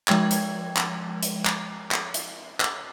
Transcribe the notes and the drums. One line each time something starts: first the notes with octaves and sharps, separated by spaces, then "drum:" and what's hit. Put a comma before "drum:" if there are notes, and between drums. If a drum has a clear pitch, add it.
F3 G#3 G5 G#6, drum: clap
drum: hi-hat
drum: clap
drum: hi-hat
drum: clap
drum: clap
drum: hi-hat
drum: clap